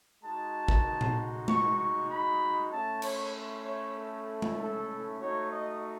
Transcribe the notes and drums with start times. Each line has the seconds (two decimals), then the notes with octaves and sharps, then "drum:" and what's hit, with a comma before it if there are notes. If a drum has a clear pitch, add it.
0.24 G#3 D#4 F#4 A5
0.68 drum: kick
1.01 drum: tom A#2
1.48 C#6, drum: tom G#3
1.78 C#6
2.09 B5
2.71 A3 C#4 E4 A5
3.02 C#5, drum: cymbal
3.64 C#5
3.96 A4
4.42 drum: tom G#3
4.57 A4
5.18 A3 D#4 F#4 C#5
5.50 D#5